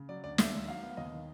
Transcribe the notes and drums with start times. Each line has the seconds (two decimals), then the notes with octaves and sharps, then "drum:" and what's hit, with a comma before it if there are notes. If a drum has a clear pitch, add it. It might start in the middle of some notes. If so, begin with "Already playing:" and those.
Already playing: C#3
0.09 F#3 D5
0.24 D2 D5
0.38 D#2 E5, drum: snare
0.53 D#3
0.68 F#3 F5
0.83 B3
0.97 D#2 D#5
1.13 D#3